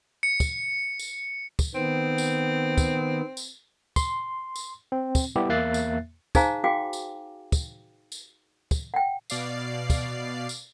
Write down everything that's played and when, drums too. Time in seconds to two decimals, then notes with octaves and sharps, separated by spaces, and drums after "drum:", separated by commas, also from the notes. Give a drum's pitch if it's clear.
0.23 C#7
0.40 drum: kick, tambourine
1.00 drum: tambourine
1.59 drum: kick, tambourine
1.75 D#3 B3 C4
2.18 drum: tambourine
2.78 drum: kick, tambourine
3.37 drum: tambourine
3.96 C6, drum: kick, tambourine
4.56 drum: tambourine
4.92 C4
5.15 drum: kick, tambourine
5.36 G3 B3 E4 G4
5.49 E2 A#3 E5 F#6 A6 C7
5.74 drum: tambourine
6.35 D#4 G#4 C5 F5 G#5 A#5, drum: kick, tambourine
6.64 F#4 G#4 F5 G5 D6
6.93 drum: tambourine
7.52 drum: kick, tambourine
8.12 drum: tambourine
8.71 drum: kick, tambourine
8.94 F#5 G5
9.30 B2 D5 F5 C7, drum: tambourine
9.90 drum: kick, tambourine
10.49 drum: tambourine